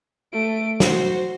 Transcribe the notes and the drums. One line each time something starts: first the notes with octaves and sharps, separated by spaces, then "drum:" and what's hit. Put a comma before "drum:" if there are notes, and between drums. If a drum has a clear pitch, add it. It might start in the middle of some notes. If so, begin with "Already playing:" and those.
A3 D7
F#4 C5, drum: snare